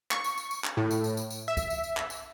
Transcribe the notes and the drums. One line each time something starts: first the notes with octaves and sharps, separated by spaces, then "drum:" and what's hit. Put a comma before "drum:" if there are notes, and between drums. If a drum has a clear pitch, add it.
C#6, drum: clap
drum: tambourine
drum: tambourine
drum: tambourine
drum: clap
A2
drum: tambourine
drum: tambourine
drum: tambourine
drum: tambourine
E5
drum: kick C2, tambourine
drum: tambourine
drum: tambourine
drum: clap
drum: tambourine